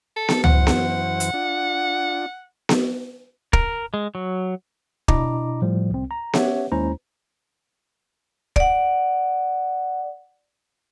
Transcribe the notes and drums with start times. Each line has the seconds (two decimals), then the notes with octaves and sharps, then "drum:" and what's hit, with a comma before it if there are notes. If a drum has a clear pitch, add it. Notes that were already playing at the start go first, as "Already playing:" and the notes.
0.16 A4
0.28 drum: snare B3
0.44 F#2 E3 C5 F#5, drum: tom
0.67 drum: snare B3
1.20 drum: hi-hat
1.34 D4 F4
2.69 drum: snare B3
3.53 A#4, drum: kick
3.94 G#3
4.15 F#3
5.08 B2 D4 E4 D#5 A#5 D6, drum: kick
5.62 A2 F3 G3
5.90 C2 C4
6.11 A#5
6.33 C#4 G4 C#5 E5 F#5, drum: snare B3
6.72 D#2 G#3 C#4 E4 C5 A#5
8.56 D5 F#5, drum: kick